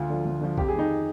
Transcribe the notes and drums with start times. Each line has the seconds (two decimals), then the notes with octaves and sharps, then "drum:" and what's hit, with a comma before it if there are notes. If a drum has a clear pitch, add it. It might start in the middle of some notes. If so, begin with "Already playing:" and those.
Already playing: D2 F4
0.10 D3 F3
0.25 D2
0.41 D3 F3
0.58 F2 G4, drum: kick B1
0.68 D#3 G#4
0.79 D#4